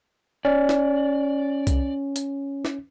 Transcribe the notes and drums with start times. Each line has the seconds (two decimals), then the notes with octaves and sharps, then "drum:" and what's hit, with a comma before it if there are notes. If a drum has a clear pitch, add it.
0.45 C#4 D5
0.69 drum: snare
1.67 drum: kick, hi-hat
2.16 drum: hi-hat
2.65 drum: snare